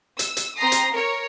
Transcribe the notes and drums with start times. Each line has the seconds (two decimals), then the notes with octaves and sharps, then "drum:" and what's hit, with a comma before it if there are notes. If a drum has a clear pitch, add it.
0.19 E6, drum: hi-hat
0.37 drum: hi-hat
0.58 C4 A#5 C6 D#6 A#6 C7
0.72 drum: hi-hat
0.93 A#4 C#5